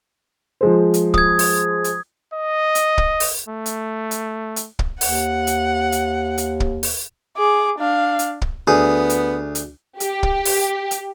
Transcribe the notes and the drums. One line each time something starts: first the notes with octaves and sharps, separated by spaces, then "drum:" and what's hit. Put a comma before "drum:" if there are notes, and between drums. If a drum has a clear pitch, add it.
F3 G#3 C5
drum: hi-hat
D#6 G#6, drum: kick
drum: open hi-hat
drum: hi-hat
D#5
drum: hi-hat
drum: kick
drum: open hi-hat
A3
drum: hi-hat
drum: hi-hat
drum: hi-hat
drum: kick
D#2 F#5, drum: open hi-hat
drum: hi-hat
drum: hi-hat
drum: hi-hat
drum: kick
drum: open hi-hat
G#4 D6
D4 F5
drum: hi-hat
drum: kick
D2 B3 G#4
drum: hi-hat
drum: hi-hat
G4, drum: hi-hat
drum: kick
drum: open hi-hat
drum: hi-hat